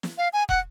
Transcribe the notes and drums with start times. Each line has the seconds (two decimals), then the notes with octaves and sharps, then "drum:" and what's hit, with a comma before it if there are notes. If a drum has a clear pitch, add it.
0.03 drum: snare
0.18 F5
0.33 G#5
0.49 F#5, drum: kick